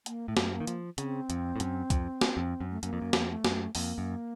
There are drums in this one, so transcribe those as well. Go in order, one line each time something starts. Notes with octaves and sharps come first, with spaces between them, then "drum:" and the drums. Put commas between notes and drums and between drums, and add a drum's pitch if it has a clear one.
A#3, drum: hi-hat
A2 A3
F#2, drum: snare
A#3
D#3
F3, drum: hi-hat
C#3 C4, drum: hi-hat
F2, drum: hi-hat
A2
F#2, drum: hi-hat
F2, drum: kick C2, hi-hat
drum: snare
F2
F#2
A3
F#2 A#3, drum: hi-hat
F2
F#2
F2, drum: snare
A3
F#2, drum: snare
F2 A#3, drum: open hi-hat
F#2